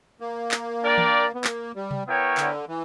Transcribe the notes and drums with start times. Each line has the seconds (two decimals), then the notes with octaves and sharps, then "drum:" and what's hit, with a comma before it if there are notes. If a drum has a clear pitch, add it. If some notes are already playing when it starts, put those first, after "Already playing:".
0.20 A#3
0.51 drum: clap
0.82 D4 A#4 D5 G5
0.98 drum: tom
1.35 B3
1.44 A#3, drum: clap
1.76 G3
1.91 drum: tom C3
2.06 B3 E4 A#4 C#5 G5
2.37 D3, drum: clap
2.68 E3